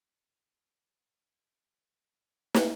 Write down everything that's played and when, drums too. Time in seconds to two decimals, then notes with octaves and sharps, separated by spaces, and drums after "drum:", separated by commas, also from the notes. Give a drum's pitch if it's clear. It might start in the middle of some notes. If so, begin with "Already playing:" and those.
Already playing: A2 E3 G3 B5
0.11 B5
0.29 C6
0.45 B5
0.62 E2 C3 G3 C4 A5
1.98 B2 F#3 B3 G5
2.54 drum: snare